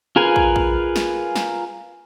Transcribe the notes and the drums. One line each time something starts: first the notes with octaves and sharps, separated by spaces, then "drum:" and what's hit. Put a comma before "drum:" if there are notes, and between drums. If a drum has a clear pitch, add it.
F4 G#4 A#4 B4 G#5
drum: kick
drum: kick
drum: snare
drum: snare